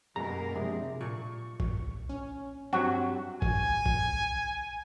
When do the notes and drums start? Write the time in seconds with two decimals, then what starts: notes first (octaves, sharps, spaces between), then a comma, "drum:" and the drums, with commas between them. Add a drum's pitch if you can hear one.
0.16 F#2 B2 A#3 G4 G#4 A#4 A#5
0.55 C3 F3 G#3 C4 D4 G#4
1.01 A#2 C#6
1.60 drum: kick
2.09 C#4
2.73 G2 F#3 C4 F#4 E5
3.42 G#5, drum: kick
3.86 drum: kick